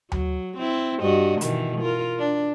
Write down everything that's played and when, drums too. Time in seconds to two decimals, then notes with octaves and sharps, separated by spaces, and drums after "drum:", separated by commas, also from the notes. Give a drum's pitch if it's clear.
0.12 F#3, drum: tom D2
0.58 C4 E4
1.02 G2 F#4 D#5
1.41 B2 D#3 E3, drum: hi-hat
1.81 F4 A#4
2.19 D4